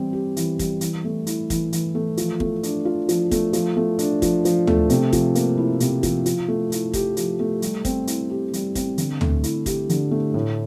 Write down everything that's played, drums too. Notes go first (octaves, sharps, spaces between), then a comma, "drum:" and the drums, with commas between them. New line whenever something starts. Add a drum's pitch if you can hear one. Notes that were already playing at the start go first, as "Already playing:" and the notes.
Already playing: E3 G3 C4
G4
E3, drum: hi-hat
G3, drum: kick, hi-hat
E3, drum: hi-hat
A3
E4, drum: hi-hat
E3, drum: kick, hi-hat
E3, drum: hi-hat
A3
F3, drum: hi-hat
A3, drum: kick
D4, drum: hi-hat
F4
F3, drum: hi-hat
A3, drum: kick, hi-hat
F3, drum: hi-hat
A3
D4, drum: hi-hat
F3, drum: kick, hi-hat
F3, drum: hi-hat
A3, drum: tom
C3, drum: hi-hat
F3, drum: kick, hi-hat
A#3, drum: hi-hat
E4
C3, drum: hi-hat
F3, drum: kick, hi-hat
F3, drum: hi-hat
A3
E4, drum: hi-hat
G4, drum: kick, hi-hat
F3, drum: hi-hat
A3
G3, drum: hi-hat
C4, drum: kick, hi-hat
E4, drum: hi-hat
G4
G3, drum: hi-hat
C4, drum: kick, hi-hat
D3, drum: hi-hat
A3, drum: tom
E4, drum: hi-hat
G4, drum: kick, hi-hat
D3, drum: hi-hat
A3
A2